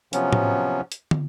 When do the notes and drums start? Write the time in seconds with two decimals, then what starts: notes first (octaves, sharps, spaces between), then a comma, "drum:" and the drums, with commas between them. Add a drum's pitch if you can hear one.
0.13 C3 F3 F#3 B3 C#4, drum: hi-hat
0.33 drum: tom A2
0.92 drum: hi-hat
1.11 drum: tom